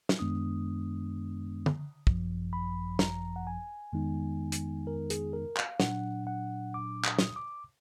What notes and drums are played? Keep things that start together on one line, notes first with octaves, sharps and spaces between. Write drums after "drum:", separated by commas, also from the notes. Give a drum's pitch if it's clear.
drum: snare
F#2 D#3 G#3 B3 D4 D#6
drum: tom D3
G#1 F#2 F3, drum: kick
B5
A#5, drum: snare
F#5
G#5
F2 D#3 G#3 B3 D#4
drum: hi-hat
A#4
G#4, drum: hi-hat
A#4
F5, drum: clap
A#2 F#3 D4 F#5, drum: snare
F#5
D6
D#6, drum: clap
drum: snare
D6